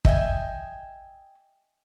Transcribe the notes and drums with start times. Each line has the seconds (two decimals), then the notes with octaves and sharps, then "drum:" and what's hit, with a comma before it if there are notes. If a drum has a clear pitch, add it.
0.05 D#5 E5 G5 G#5, drum: kick